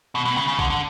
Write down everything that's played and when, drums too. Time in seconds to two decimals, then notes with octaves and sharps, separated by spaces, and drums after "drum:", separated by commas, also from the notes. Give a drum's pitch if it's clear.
0.15 B2
0.25 B2
0.37 C#3, drum: tom C#3
0.48 C#3
0.59 D3, drum: kick A#1
0.70 D3